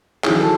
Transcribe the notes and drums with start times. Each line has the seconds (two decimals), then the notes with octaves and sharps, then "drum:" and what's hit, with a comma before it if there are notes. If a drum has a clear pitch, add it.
0.24 D#3 F#3 C#4 E4 G#4, drum: clap
0.40 A4